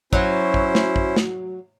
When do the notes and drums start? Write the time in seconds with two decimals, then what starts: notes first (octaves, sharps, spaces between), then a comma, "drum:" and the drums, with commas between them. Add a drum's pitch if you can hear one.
0.13 F#3 C#4 E4 C5, drum: kick
0.54 drum: kick
0.75 drum: snare
0.96 drum: kick
1.16 drum: snare